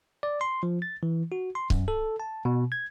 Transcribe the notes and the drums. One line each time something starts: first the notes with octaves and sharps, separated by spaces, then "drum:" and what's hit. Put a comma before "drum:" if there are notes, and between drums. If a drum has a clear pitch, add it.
D5
C6
F3
A6
E3
F#4
C6
F#2, drum: kick C#1
A4
A5
B2
G#6